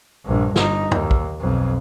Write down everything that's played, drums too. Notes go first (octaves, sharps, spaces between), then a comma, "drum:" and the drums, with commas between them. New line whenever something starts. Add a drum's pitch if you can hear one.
A#1 G2
G1 D#4, drum: snare
D#2, drum: tom
drum: kick
B1 F2